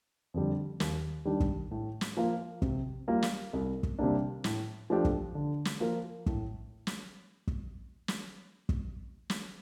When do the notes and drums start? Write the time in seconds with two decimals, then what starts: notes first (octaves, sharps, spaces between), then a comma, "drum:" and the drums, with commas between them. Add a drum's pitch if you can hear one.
0.34 F2 D3 G3
0.80 D#2, drum: snare
1.25 D#3 G3 D4 G4
1.40 drum: kick
1.71 A2
2.01 drum: snare
2.17 F3 A#3 F4 A#4
2.62 C3, drum: kick
3.08 G3 A#3 F4
3.22 drum: snare
3.53 C2
3.83 drum: kick
3.99 C3 G3 A#3 D4
4.44 A2, drum: snare
4.90 F3 A3 D4 G4
5.05 drum: kick
5.35 D3
5.65 drum: snare
5.80 F3 A#3 F4 A#4
6.26 A2, drum: kick
6.87 drum: snare
7.47 drum: kick
8.08 drum: snare
8.69 drum: kick
9.30 drum: snare